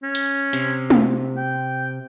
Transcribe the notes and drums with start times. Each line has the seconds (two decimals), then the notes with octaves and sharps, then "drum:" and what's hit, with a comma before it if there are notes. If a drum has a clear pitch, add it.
0.03 C#4
0.15 drum: hi-hat
0.53 C3, drum: hi-hat
0.90 drum: tom
1.37 G5